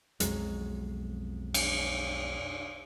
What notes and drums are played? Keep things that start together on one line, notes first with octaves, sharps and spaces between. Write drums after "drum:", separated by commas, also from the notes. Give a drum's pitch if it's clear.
B1 F2 F#3 G#3, drum: hi-hat
drum: cymbal